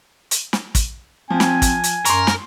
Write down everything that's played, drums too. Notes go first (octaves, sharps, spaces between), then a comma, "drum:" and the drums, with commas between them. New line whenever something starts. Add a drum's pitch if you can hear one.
drum: hi-hat
drum: snare
drum: kick, hi-hat
F3 C4 G#5
drum: snare
drum: kick, hi-hat
drum: hi-hat
F#2 A#4 C6 C#6, drum: hi-hat
drum: snare